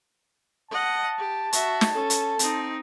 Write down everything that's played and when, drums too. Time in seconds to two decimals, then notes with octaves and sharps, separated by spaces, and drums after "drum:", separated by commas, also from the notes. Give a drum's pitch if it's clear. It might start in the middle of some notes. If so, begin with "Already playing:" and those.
0.71 D#5 F#5 A5
1.18 G4
1.53 F#4 E5, drum: hi-hat
1.81 drum: snare
1.92 C#4 A4
2.10 drum: hi-hat
2.39 C4 D#4, drum: hi-hat